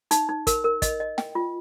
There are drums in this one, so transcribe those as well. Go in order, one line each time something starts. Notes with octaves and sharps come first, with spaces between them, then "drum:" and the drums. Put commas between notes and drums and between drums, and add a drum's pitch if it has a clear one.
D#4, drum: hi-hat
D#4
A#4, drum: kick, hi-hat
A#4
D#5, drum: kick, hi-hat
D#5
G5, drum: snare
F4